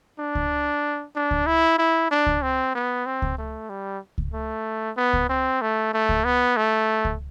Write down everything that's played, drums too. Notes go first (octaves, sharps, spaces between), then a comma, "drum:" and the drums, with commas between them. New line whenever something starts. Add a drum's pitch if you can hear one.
D4
drum: kick C#2
D4
drum: kick C#2
E4
E4
D4
drum: kick C#2
C4
B3
C4
drum: kick C#2
A3
G3
drum: kick C#2
A3
B3
drum: kick C#2
C4
A3
A3
drum: kick C#2
B3
A3
drum: kick C#2